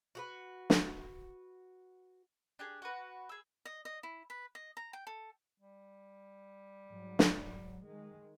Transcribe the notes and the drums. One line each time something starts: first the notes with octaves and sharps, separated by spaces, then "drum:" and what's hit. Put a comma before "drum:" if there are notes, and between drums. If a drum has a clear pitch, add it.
F#4 G4 B4
drum: snare
D4 G4 G#4
F#4 B4
G#4 E6
D#5
D#5
E4
B4
D#5
A#5
G5
A4
G3
G#2 F#3
drum: snare
D#3 G#3